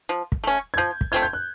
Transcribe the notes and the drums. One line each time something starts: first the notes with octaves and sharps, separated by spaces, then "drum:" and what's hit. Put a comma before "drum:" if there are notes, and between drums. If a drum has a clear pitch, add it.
F3
drum: kick
A3 C#4
G#6
F3 G6
drum: kick
A3 C4 F4 G#6
G6
F#6